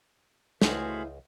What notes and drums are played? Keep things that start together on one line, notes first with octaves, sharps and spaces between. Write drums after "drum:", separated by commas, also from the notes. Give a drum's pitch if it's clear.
C#2 E3 A3 F#4 G#4 C5 F5, drum: snare